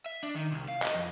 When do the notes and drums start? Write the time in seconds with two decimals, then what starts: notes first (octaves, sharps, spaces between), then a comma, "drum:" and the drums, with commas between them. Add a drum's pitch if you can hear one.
0.06 E5
0.23 D4
0.35 D#3
0.51 C2
0.68 F5
0.82 D#5, drum: clap
0.95 F2